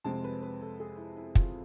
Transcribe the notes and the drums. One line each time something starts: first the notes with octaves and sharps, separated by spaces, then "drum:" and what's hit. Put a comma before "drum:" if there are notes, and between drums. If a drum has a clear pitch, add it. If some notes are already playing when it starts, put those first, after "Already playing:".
F2 C3 G#3 C4 A5
B4
B4
A4
G#4
E4
E4
F4, drum: kick